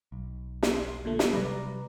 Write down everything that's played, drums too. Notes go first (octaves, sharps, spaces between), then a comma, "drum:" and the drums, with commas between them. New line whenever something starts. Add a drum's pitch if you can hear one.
B1
drum: snare
C6
A#2 D3 A3
drum: snare
C3 F#3 G3 B4 D5 A#5